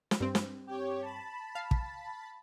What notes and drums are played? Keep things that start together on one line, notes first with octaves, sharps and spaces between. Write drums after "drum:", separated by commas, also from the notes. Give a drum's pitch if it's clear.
drum: snare
G2 C4
drum: snare
G4 C#5
A5 B5
F5
drum: kick